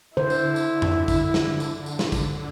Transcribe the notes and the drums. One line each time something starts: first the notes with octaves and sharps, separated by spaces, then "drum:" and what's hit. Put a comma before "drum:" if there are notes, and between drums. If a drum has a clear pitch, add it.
D3 E4 C5
drum: tambourine
drum: tambourine
drum: tom F2
drum: kick, tambourine
drum: snare
drum: tambourine
drum: tambourine
drum: snare
drum: kick, tambourine